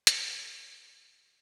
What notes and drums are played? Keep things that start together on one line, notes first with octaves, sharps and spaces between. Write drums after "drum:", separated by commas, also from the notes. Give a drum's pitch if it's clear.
F4 G#4 A#4 E5 F#5, drum: hi-hat